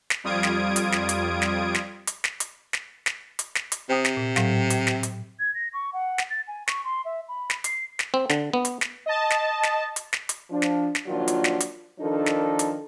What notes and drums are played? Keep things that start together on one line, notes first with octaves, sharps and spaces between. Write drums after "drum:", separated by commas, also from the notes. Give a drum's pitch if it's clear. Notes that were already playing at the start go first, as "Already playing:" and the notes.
drum: snare
F2 G3 F4 D#6 G#6 D7
drum: snare
drum: hi-hat
drum: snare
drum: hi-hat
drum: snare
drum: snare
drum: hi-hat
drum: snare
drum: hi-hat
drum: snare
drum: snare
drum: hi-hat
drum: snare
drum: hi-hat
C3 C5 G5 D#6
drum: snare
A#2
A2 F#3 F5, drum: snare
drum: hi-hat
drum: snare
drum: hi-hat
G#6
A#6
C#6
F#5
drum: snare
A6
G#5
C#6, drum: snare
C6
E5
B5
drum: snare
C7, drum: hi-hat
drum: snare
C4
D3, drum: snare
B3
drum: hi-hat
drum: snare
D#5 A5
drum: snare
drum: snare
drum: hi-hat
drum: snare
drum: hi-hat
F3 D4
drum: snare
drum: snare
A#2 D#3 F3 F#3 D4 F4
drum: hi-hat
drum: snare
drum: hi-hat
D#3 F3 D4 D#4 A4 A#4
drum: snare
drum: hi-hat